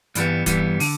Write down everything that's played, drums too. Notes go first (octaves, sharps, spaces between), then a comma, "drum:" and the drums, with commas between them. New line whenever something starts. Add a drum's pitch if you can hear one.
G2 E3 G3 B3, drum: hi-hat
G2 E3 G3 B3, drum: kick, hi-hat
D3, drum: open hi-hat